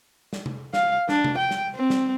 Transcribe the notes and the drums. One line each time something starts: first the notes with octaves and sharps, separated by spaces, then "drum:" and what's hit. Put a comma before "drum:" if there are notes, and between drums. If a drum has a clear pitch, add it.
drum: snare
drum: tom C3
F5, drum: snare
D4, drum: snare
drum: tom C3
G5
drum: snare
C4
drum: snare